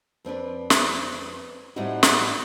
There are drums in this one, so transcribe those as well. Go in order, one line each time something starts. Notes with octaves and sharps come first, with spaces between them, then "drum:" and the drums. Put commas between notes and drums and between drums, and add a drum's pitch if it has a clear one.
F2 C4 D4 B4
drum: snare
A2 G3 C4 D#4 E4 F#4
drum: snare